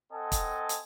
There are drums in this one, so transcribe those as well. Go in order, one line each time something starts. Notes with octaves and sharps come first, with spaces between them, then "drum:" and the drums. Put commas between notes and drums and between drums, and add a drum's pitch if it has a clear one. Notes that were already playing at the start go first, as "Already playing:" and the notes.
C4 A4 D#5 F#5 G#5 A5
drum: kick, hi-hat
drum: hi-hat